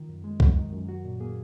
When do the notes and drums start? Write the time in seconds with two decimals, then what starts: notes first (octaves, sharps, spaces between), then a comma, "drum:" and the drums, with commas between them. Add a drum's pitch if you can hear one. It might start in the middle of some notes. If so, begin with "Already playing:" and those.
Already playing: D#3 F4
0.09 F#2
0.24 G#3
0.40 F#2, drum: kick C2
0.57 D#3
0.72 F#2
0.89 F#3 F#4
1.05 A#2
1.20 A#3 G#4